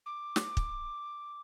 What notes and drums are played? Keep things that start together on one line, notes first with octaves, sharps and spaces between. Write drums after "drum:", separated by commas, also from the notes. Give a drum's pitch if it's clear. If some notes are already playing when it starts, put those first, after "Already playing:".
D6
drum: snare
drum: kick